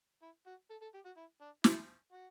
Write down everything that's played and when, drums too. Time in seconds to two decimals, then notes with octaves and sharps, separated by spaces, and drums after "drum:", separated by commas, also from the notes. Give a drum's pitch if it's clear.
0.22 E4
0.46 F#4
0.70 A4
0.82 A4
0.94 G4
1.05 F#4
1.17 E4
1.41 D4
1.64 E4, drum: snare
2.12 F#4